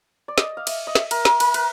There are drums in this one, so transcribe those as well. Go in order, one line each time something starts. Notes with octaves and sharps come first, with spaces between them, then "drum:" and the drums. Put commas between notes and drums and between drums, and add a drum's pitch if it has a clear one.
D5
D#5, drum: snare
F5
E5, drum: cymbal
D#5
E5, drum: snare
A#4, drum: cymbal
A#4, drum: snare
A#4, drum: cymbal
B4, drum: cymbal